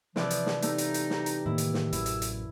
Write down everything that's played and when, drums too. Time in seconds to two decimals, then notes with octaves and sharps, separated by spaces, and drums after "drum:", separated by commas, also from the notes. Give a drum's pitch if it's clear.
0.16 C3 E3 F3 D5, drum: snare
0.31 drum: hi-hat
0.46 drum: snare
0.62 A3 D#4 G4, drum: hi-hat
0.78 drum: hi-hat
0.94 drum: hi-hat
1.10 drum: snare
1.26 drum: hi-hat
1.46 A2 D#3 A#3 E4
1.58 drum: hi-hat
1.74 drum: snare
1.93 A1 F#2 E4 E6, drum: hi-hat
2.06 drum: hi-hat
2.22 drum: hi-hat